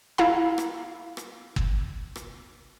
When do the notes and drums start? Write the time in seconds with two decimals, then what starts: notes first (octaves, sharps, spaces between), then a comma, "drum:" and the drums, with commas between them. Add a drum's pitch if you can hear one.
0.18 E4 F5 A#5
0.58 drum: rim click
1.17 drum: rim click
1.56 drum: kick
2.16 drum: rim click